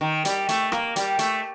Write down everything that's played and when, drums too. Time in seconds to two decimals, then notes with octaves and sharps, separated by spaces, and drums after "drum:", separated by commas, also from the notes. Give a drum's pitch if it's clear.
0.01 D#3
0.25 G3, drum: hi-hat
0.49 A3, drum: hi-hat
0.72 A#3, drum: rim click
0.96 G3, drum: hi-hat
1.19 A3, drum: hi-hat